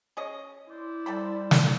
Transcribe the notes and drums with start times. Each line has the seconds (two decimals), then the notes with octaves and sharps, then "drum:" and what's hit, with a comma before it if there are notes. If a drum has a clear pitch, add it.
0.17 C#4 G#4 D#5
0.70 E4 C5 D5
1.06 G3 A4 G5 B5
1.51 drum: snare